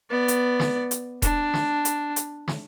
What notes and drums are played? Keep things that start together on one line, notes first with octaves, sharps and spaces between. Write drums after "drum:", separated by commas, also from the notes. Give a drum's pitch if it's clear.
B3 D5
drum: hi-hat
drum: snare
drum: hi-hat
D4, drum: kick E1, hi-hat
drum: snare
drum: hi-hat
drum: hi-hat
drum: snare